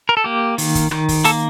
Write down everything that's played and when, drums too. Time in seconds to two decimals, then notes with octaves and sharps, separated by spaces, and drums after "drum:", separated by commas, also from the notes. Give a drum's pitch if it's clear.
0.09 A#4
0.17 A4
0.24 A#3 G4
0.58 D#3, drum: open hi-hat
0.75 drum: kick, hi-hat
0.91 D#3, drum: rim click
1.09 drum: kick, open hi-hat
1.24 A#3 A4, drum: hi-hat